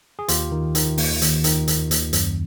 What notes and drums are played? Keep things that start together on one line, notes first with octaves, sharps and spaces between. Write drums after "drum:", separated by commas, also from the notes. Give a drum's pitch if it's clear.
G#4
D#2 F4 G4, drum: hi-hat
D#3
D#3, drum: hi-hat
D#2, drum: open hi-hat
D#2, drum: hi-hat
D#3, drum: hi-hat
D#3, drum: hi-hat
D#2, drum: hi-hat
F#2, drum: hi-hat